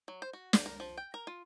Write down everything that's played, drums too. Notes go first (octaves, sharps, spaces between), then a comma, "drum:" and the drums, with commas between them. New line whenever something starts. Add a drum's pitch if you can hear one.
F#3
C5
F#4
D5, drum: snare
A#4
F3
G5
A#4
F4